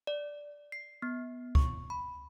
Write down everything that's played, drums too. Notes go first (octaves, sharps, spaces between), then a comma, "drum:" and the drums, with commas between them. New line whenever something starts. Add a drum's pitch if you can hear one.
D5
C7
B3
C#6, drum: kick C#2
B5